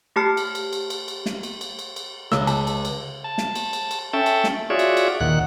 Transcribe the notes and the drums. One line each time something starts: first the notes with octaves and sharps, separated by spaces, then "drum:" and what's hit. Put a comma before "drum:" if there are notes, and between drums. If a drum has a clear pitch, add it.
A3 G4 A5 F6 C7
drum: cymbal
drum: cymbal
drum: cymbal
drum: cymbal
drum: cymbal
drum: snare
drum: cymbal
drum: cymbal
drum: cymbal
drum: cymbal
C#2 E6, drum: snare
A5, drum: cymbal
drum: cymbal
drum: cymbal
A5
drum: snare
drum: cymbal
drum: cymbal
drum: cymbal
C#4 A4 E5 G5 A5
drum: cymbal
drum: snare
F4 F#4 G#4 C#5 D5 E5
drum: cymbal
drum: cymbal
D#2 A#2 D#3 F#5 F#6